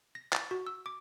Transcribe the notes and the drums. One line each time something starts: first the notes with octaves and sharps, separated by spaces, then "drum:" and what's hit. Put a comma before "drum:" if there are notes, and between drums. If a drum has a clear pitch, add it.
A#6
A6, drum: clap
F#4
E6
D6